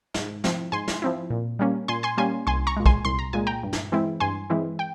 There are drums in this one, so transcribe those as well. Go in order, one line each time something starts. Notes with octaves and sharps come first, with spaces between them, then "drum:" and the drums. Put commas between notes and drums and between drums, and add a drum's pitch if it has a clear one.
G#2, drum: snare
F3 C4 E4, drum: snare
G#2 G#5 C6
drum: snare
F3 C4 E4
A#2
G3 A#3 C#4
A#2 G#5 C6
G#5 C6
G3 A#3 C#4 G#5 C6
C2 G#5 C6
A#5 C#6
A#2 G#3
G#5 C6, drum: kick
C2 C6
A#5
A#2 G#3 G#5
G5 A#5
G2
drum: snare
E3 G#3 C4 E4
G2 G#5 C6
E3 G#3 C4 E4
G5